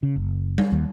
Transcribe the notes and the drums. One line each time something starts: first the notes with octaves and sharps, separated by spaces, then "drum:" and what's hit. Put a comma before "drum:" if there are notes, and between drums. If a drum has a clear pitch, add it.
C#3
F#1
drum: tom G3
D#2